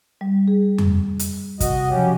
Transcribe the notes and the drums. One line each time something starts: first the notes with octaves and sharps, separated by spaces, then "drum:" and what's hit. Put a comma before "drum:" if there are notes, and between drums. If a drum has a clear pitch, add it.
G3
G#4
drum: tom F2
drum: hi-hat
C3 F#4 D#5, drum: kick, hi-hat
C#3 F3 F#3 C#4 G4